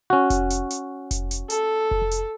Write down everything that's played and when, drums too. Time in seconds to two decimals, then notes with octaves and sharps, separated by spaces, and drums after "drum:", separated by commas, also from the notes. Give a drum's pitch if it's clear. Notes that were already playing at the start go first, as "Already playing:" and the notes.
0.10 C#4 F#4
0.30 drum: kick F1, hi-hat
0.50 drum: hi-hat
0.70 drum: hi-hat
1.11 drum: kick F1, hi-hat
1.31 drum: hi-hat
1.50 A4, drum: hi-hat
1.91 drum: kick F1
2.11 drum: hi-hat